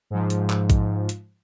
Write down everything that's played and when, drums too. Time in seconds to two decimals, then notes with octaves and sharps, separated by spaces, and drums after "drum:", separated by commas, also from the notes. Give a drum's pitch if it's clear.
0.10 G#2 F3
0.30 drum: hi-hat
0.50 drum: clap
0.70 drum: kick A1, hi-hat
1.09 drum: hi-hat